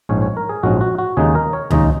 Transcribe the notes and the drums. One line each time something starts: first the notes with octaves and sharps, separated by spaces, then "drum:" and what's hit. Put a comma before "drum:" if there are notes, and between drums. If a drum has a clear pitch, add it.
A#1 G#2 G#3 C#4 C#5
C#5
A#4
G#4
A#1 G#2 G#3 C#4 F#4
F#4
F#4
D#2 C#3 G#3 D#4 G#4
A#4
C#5
D#2 C#3 G#3 D#4 D#5, drum: tom C#2